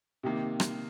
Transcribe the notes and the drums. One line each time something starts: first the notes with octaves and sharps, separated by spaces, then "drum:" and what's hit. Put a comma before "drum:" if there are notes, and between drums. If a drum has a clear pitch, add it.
C3 D#3 A#3
drum: rim click